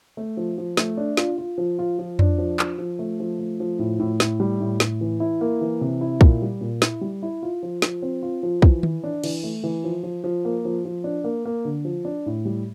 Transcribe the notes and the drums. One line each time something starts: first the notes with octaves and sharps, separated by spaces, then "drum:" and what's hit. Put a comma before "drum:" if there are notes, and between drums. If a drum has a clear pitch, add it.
A3
F3
F3
A3, drum: snare
D4
F4, drum: snare
F4
F3
F4
F3
D4, drum: tom F2
F3
F3, drum: clap
F3
A3
F3
A3
F3
A2
A2
A2, drum: snare
G3
A2
A2, drum: snare
E3
E4
A#3
E3
C3
E4
A#2, drum: kick
G3
A#2
E4, drum: snare
G3
E4
F4
F3
F3, drum: snare
C4
F4
F3
E3, drum: kick
E3, drum: tom D#3
D4
E3, drum: cymbal
A3
E3
F3
F3
F3
A#3
F3
F3
D4
A#3
A#3
D3
F3
D4
A2
G3